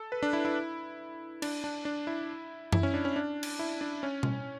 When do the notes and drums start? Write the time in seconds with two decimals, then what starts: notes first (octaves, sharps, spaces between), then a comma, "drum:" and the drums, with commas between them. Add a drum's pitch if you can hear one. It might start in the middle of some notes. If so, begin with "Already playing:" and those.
Already playing: A4
0.12 B4
0.23 D4
0.33 E4
0.45 E4
1.42 D4, drum: cymbal
1.64 D4
1.85 D4
2.07 E4
2.72 E4, drum: tom F#2
2.83 C#4
2.94 D4
3.05 C#4
3.16 D4
3.43 drum: cymbal
3.59 E4
3.81 D4
4.03 C#4
4.23 drum: tom B2